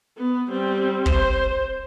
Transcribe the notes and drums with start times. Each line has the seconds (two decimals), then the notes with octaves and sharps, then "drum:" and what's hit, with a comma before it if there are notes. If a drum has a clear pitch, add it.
0.17 B3
0.49 G3 C4
1.06 C5, drum: kick